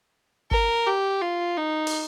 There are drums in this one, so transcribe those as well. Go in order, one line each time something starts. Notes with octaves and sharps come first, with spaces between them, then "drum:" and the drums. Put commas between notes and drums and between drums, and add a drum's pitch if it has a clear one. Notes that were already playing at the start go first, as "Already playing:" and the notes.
A#4, drum: kick G1
G4
F4
D#4
drum: open hi-hat